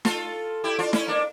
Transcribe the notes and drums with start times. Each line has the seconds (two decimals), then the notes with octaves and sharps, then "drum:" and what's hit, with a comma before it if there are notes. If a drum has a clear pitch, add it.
0.05 F4 A4, drum: snare
0.64 E4 G4
0.79 D4 F4
0.93 C#4 E4, drum: snare
1.08 A#3 D4